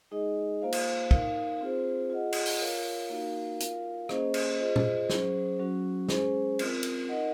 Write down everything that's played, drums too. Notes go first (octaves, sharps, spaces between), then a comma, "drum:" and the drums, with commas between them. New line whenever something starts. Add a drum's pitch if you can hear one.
G#3 D#4 G#4 D#5
A#3 F4 C5 F5
drum: cymbal
D#4 A#4 F5, drum: kick
C4 F4 G#4 C5
F4 G#4 D#5 F#5
drum: cymbal
drum: open hi-hat
F4 A#4 C#5 F5
A#3 D#4 F#4 A#4 F5
F4 A#4 F5, drum: hi-hat
A#3 C#4 G#4 C5 D#5, drum: rim click
drum: cymbal
F4 G#4 C5 D#5
drum: tom A#2
F#3 C#4 G#4 C5, drum: snare
F#3 C#4 F#4
G#3 C#4 G#4 C5, drum: snare
C4 F4 A#4, drum: cymbal
drum: cymbal
D#4 A#4 D#5 F#5